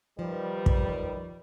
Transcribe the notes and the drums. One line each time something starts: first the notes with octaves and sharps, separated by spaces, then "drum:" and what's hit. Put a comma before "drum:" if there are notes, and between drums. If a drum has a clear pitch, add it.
D#3 F3 G3 B4
drum: kick